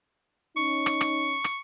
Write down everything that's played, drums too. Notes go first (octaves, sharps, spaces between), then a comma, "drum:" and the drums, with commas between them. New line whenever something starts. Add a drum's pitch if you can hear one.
C#4 D#4 C#6
drum: rim click
drum: rim click
drum: rim click